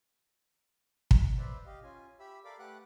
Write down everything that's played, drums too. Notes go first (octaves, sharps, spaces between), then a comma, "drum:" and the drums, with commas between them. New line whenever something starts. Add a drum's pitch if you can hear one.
drum: kick
B4 C5 D5 E5 B5
G4 D#5 F5
C#4 F4 G#5
G4 E5 B5 E6
A4 A#4 D5 F5 B5 D6
A3 G4 B4 F#5 D6 F#6